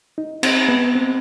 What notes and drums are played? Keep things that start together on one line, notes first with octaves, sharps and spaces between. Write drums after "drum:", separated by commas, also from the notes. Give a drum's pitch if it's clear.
D#4
C4, drum: cymbal
B3
C4